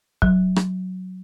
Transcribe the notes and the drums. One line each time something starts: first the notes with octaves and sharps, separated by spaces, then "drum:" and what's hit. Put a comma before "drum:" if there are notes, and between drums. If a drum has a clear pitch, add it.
F#3, drum: kick
drum: rim click